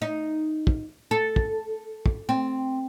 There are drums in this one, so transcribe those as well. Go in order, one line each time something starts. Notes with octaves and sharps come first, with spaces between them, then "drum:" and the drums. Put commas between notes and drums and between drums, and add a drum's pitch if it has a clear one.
D#4
drum: kick
A4
drum: kick
drum: kick
C4